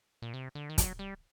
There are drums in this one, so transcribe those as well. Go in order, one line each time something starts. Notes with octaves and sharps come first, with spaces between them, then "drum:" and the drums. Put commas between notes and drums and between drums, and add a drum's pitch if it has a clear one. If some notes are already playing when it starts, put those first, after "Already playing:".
A#2
C3
D3
D#3
F#3, drum: kick, hi-hat
G3